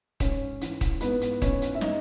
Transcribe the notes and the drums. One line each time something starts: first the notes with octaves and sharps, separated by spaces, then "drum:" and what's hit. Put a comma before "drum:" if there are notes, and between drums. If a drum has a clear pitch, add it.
G#2 C#4 C#5, drum: kick D#1, hi-hat
E3, drum: hi-hat
drum: kick D#1, hi-hat
G#2 B3 B4, drum: hi-hat
drum: hi-hat
E3 C#4 C#5, drum: kick D#1, hi-hat
drum: hi-hat
E5
D#4 D#5, drum: snare